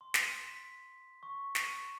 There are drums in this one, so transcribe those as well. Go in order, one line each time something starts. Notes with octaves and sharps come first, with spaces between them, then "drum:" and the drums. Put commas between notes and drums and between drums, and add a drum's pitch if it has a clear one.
C6
drum: snare
B6
C#6
drum: snare